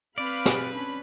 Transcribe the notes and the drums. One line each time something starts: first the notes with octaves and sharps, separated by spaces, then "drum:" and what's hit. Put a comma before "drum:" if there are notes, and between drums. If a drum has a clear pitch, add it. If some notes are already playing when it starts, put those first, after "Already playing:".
C4 B4 D5 F5 B5
drum: snare
C#4 D4 B5